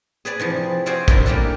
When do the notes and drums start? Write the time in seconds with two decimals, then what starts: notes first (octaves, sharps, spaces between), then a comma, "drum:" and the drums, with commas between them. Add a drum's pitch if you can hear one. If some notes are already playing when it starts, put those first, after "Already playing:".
0.25 G#4 B4 D5 A5
0.39 C3 E3 F3
0.86 F#4 G#4 C5 D5 E5 F5
1.08 D4 E4 A#4, drum: kick
1.26 G3 A3 A#3 D4 G4 A4